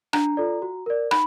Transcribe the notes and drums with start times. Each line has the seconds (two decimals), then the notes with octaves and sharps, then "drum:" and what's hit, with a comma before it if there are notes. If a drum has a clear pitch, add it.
0.13 D4 A#5, drum: rim click
0.37 F4 A4 D5
0.62 F#4
0.86 A#4 D5
1.11 D#4 B5, drum: rim click